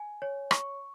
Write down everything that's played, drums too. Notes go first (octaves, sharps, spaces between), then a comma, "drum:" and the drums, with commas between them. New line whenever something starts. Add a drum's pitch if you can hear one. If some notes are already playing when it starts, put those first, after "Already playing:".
Already playing: G#5
C#5
C#6, drum: rim click